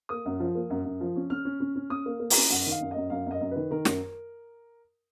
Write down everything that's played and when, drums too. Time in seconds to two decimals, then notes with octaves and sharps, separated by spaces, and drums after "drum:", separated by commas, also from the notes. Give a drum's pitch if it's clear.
0.09 A#3 D#6
0.25 F#2
0.40 F3
0.55 A#3
0.70 F#2
0.85 F#2
1.01 F3
1.16 C#4
1.30 C#4 F6
1.45 C#4
1.60 C#4
1.75 C#4
1.90 C#4 D#6
2.06 A#3
2.20 A#3
2.30 A#5, drum: open hi-hat
2.36 C#4
2.50 F#2 F#5
2.66 D#3 F5
2.81 F#2
2.91 D#5
2.96 F#2
3.10 F#2 F5
3.26 F#2 D#5
3.41 F#2
3.51 D#3 B4
3.71 D#3 A#4
3.85 F#2, drum: snare